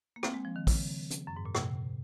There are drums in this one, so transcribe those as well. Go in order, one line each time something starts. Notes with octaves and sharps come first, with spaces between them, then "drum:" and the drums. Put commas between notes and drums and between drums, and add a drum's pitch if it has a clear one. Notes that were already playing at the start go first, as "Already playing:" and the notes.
A#3
C4, drum: rim click
G#3
F3
D#3
C#3, drum: kick, open hi-hat
drum: hi-hat
F#2
G#2
A#2
C3, drum: rim click